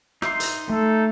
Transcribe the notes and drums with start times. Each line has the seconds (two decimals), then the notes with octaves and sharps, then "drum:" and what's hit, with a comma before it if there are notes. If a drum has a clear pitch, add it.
0.22 D#4 E5 C6, drum: rim click
0.40 drum: hi-hat
0.70 A3 A4